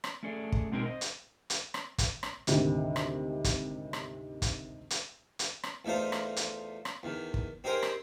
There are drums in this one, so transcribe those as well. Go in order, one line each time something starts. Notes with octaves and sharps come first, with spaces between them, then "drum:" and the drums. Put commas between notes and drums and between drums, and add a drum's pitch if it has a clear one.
drum: rim click
A3 C#4 G#4 A4 D5
drum: kick
B2 G#3 C4 D#4 F#4 A#4
C5 D#5
drum: hi-hat
drum: hi-hat
drum: rim click
drum: kick, hi-hat
drum: rim click
G#1 D2 C3 D#3, drum: hi-hat
drum: rim click
drum: kick, hi-hat
drum: rim click
drum: kick, hi-hat
drum: hi-hat
drum: hi-hat
drum: rim click
E2 A3 D#4 F4 C5
drum: rim click
drum: hi-hat
drum: rim click
E2 D#3
drum: kick
C4 D#4 G4 G#4 A#4 C5
drum: rim click